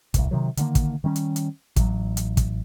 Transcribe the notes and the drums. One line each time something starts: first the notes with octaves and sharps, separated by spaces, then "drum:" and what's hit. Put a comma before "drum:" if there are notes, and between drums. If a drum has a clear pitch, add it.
D1 C2, drum: kick, hi-hat
C3 D#3 F#3
D3 D#3 A#3, drum: hi-hat
drum: kick, hi-hat
D#3 G3 C#4
drum: hi-hat
drum: hi-hat
A1 F#3, drum: kick, hi-hat
drum: hi-hat
drum: kick, hi-hat